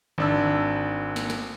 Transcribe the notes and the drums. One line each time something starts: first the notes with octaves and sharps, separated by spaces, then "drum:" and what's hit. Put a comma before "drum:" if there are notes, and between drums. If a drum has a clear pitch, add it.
G#1 D4 E6, drum: tom D3
drum: snare
drum: snare